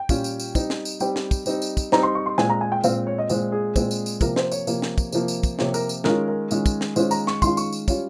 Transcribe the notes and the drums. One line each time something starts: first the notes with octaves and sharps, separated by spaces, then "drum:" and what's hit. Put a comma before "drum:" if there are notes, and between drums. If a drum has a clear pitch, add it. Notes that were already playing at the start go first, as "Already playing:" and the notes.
Already playing: G5
A#2 G3 C#4 F4, drum: kick, tambourine
drum: tambourine
drum: tambourine
G3 C4 D#4, drum: kick, tambourine
drum: snare
drum: tambourine
G3 C4 D#4 G5, drum: tambourine
drum: snare
drum: kick, tambourine
G3 C4 D#4, drum: tambourine
drum: tambourine
drum: kick, tambourine
G3 C4 D#4 A#5, drum: snare
C6
C#6
C6
A#2 G#3 C4 G#5, drum: snare
A#5
G#5
G5
A#2 G#3 C4 F5, drum: tambourine
C#5
D#5
A#2 G#3 C4 C5, drum: tambourine
G#4
A#2 G#3 C4, drum: kick, tambourine
drum: tambourine
drum: tambourine
C3 F3 A#3 A#4, drum: kick, tambourine
C5, drum: snare
C#5, drum: tambourine
C3 F3 A#3, drum: tambourine
drum: snare
drum: kick, tambourine
C3 F3 A#3, drum: tambourine
drum: tambourine
drum: kick, tambourine
C3 F3 A#3 C#5, drum: snare
A#4, drum: tambourine
drum: tambourine
D#3 G#3 C#4 F4 A#4, drum: snare
A#4
D#3 G#3 C#4 F4, drum: tambourine
drum: kick, tambourine
drum: snare
D#3 G#3 C#4 F4 C5, drum: tambourine
A#5, drum: tambourine
C#6, drum: snare
D#3 G#3 C#4 F4 C6, drum: kick, tambourine
C#6, drum: tambourine
drum: tambourine
G3 C#4 F4 C#5, drum: kick, tambourine